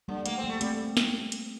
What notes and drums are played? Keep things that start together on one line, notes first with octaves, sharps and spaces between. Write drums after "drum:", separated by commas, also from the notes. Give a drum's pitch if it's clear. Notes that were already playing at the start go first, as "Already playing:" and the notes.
D3 G3 A#3
A3 A#3, drum: hi-hat
C4
G3 A#3
A3
G3 A3 C4, drum: hi-hat
drum: snare
drum: hi-hat